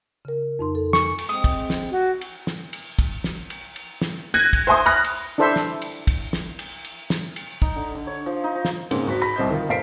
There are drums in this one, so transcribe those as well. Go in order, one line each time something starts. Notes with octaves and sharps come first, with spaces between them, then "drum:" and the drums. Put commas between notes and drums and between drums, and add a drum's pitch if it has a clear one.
C#3 A#4
F2 D#4 C6
A4
G#5 C#6, drum: snare
drum: cymbal
G#3 C4 D#6
drum: kick, cymbal
drum: snare
F#4
drum: cymbal
drum: snare
drum: cymbal
drum: kick, cymbal
drum: snare
drum: cymbal
drum: cymbal
drum: snare
F#6 G#6 A#6 D#7
drum: kick, cymbal
C5 E5 G#5 C6 D#6
B5 F6 F#6 A#6
drum: cymbal
D4 E4 A4 C5 E5
drum: snare
drum: cymbal
drum: kick, cymbal
drum: snare
drum: cymbal
drum: cymbal
drum: snare
drum: cymbal
D#4, drum: kick
D3
D3
C#5
F3
D#4
F3
drum: snare
G#2 C#3 A#3 C4, drum: cymbal
G#1 F#4 C5 B6
B5 A#6 B6
C2 C4 C5 D#5 G6
D#3 F4
F1 C5 F5 B6 C7 D7